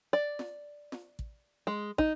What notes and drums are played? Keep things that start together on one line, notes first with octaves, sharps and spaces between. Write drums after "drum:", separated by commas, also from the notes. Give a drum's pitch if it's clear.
D5
drum: snare
drum: snare
drum: kick
G#3
D#4, drum: kick